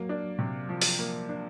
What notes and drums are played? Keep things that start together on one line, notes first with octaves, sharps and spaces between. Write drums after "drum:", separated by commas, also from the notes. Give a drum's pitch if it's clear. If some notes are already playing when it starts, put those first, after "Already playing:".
Already playing: F#3 A#3
D4
C3
F3
drum: open hi-hat
A#3
D4